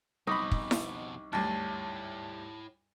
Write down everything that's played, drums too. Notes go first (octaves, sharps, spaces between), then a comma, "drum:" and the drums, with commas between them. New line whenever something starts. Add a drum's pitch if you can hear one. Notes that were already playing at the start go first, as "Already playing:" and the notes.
C2 F2 B2 D#4 B5 C#6 D6
drum: kick
drum: snare E4
D2 G2 E4 C#5 A5 A6